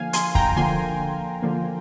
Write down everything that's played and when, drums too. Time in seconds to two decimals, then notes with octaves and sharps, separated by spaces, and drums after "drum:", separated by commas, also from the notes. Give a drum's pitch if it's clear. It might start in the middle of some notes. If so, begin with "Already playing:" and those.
Already playing: D3 F3 A#3 F5 G#5
0.13 G#5 C6, drum: hi-hat
0.35 G5 A#5, drum: kick
0.56 D3 F3 A#3 G#5 C6
1.43 D3 F3 A#3